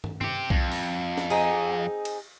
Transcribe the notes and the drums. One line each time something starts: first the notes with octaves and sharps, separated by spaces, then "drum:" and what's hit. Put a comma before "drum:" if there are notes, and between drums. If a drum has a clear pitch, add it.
drum: tom
C4 G4, drum: tom
F2, drum: kick B1
drum: open hi-hat
drum: snare
C4 D#4 G#4
drum: cymbal